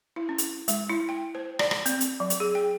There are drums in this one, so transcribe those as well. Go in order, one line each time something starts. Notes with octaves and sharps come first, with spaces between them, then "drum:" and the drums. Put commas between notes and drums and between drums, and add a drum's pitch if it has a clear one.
E4
C#4
drum: hi-hat
G#3, drum: hi-hat
E4
G5
C5
D5, drum: rim click
drum: rim click
C4, drum: hi-hat
drum: hi-hat
F#3
drum: hi-hat
G#4
G5